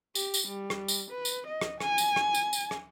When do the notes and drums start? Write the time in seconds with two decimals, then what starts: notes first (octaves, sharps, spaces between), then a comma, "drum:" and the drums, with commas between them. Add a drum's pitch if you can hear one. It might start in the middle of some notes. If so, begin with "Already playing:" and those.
0.15 G4, drum: tambourine
0.34 drum: tambourine
0.47 G3
0.70 drum: rim click
0.88 drum: tambourine
1.10 B4
1.25 drum: tambourine
1.47 D#5
1.61 drum: rim click
1.80 G#5, drum: rim click
1.98 drum: tambourine
2.16 drum: rim click
2.35 drum: tambourine
2.53 drum: tambourine
2.71 drum: rim click